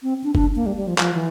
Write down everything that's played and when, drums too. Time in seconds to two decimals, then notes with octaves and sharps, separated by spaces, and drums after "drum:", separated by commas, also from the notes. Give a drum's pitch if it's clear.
0.03 C4
0.24 D4
0.35 D4, drum: kick F#1
0.56 A#3
0.66 G3
0.76 G3
0.87 F3
0.98 F3, drum: clap
1.14 E3